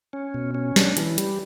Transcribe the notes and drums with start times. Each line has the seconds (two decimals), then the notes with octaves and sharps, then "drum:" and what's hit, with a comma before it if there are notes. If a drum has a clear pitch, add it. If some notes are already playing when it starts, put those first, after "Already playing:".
0.13 C#4
0.34 B2
0.55 C#4
0.76 D4, drum: snare
0.97 E3, drum: hi-hat
1.18 G3, drum: hi-hat